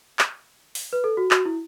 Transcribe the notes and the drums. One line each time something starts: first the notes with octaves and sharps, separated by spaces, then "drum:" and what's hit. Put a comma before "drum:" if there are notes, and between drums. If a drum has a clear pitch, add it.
drum: clap
drum: open hi-hat
B4
A4
F#4
F#4, drum: clap
E4